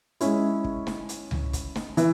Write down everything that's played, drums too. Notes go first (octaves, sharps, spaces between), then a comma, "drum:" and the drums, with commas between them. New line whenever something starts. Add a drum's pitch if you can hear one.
G#3 C#4 E4, drum: hi-hat
drum: kick
drum: snare
drum: hi-hat
drum: tom C#2
drum: kick, hi-hat
drum: snare
E3, drum: hi-hat